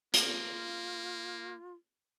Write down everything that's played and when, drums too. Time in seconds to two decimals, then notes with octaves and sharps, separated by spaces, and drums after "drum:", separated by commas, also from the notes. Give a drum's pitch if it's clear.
0.14 A#3 F4, drum: hi-hat